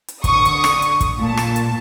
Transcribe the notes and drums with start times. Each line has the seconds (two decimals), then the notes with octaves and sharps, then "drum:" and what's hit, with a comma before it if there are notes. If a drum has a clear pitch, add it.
0.08 drum: hi-hat
0.24 D3 C#6 D#6, drum: kick, hi-hat
0.45 drum: hi-hat
0.64 drum: rim click
0.82 drum: hi-hat
1.01 drum: kick, hi-hat
1.19 A#2 A5
1.37 drum: rim click
1.56 drum: hi-hat